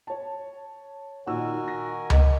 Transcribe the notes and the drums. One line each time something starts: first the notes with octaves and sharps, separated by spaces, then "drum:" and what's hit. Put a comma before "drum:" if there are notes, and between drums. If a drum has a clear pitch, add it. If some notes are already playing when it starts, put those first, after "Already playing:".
C#5 A5
A#2 D#3 D#4 F#4 A#4 G#5 E6
A#6
G#4 D#5, drum: tom C#2